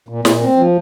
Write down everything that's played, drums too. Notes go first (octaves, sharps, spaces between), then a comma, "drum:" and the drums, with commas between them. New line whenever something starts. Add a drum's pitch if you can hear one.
A#2
A#2, drum: snare
C4
F3